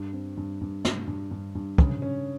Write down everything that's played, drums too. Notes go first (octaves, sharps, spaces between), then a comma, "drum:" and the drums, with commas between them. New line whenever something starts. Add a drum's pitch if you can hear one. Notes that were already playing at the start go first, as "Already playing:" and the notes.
Already playing: G2
C4
G2
G2
G2, drum: snare
G2
G2
G2
C#3, drum: kick
C#4